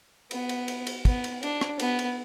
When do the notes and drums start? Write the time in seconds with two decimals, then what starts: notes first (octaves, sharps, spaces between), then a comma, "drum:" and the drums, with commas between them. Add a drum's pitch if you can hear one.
0.31 B3, drum: cymbal
0.49 drum: cymbal
0.68 drum: cymbal
0.87 drum: cymbal
1.05 B3, drum: kick, cymbal
1.24 drum: cymbal
1.43 D4, drum: cymbal
1.61 drum: rim click
1.80 B3, drum: cymbal
1.99 drum: cymbal